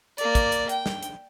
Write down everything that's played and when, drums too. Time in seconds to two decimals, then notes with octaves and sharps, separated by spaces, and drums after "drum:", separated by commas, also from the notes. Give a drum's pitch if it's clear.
0.18 A#3 D5, drum: hi-hat
0.35 drum: kick, hi-hat
0.52 drum: hi-hat
0.69 G5, drum: hi-hat
0.86 drum: snare
1.03 drum: hi-hat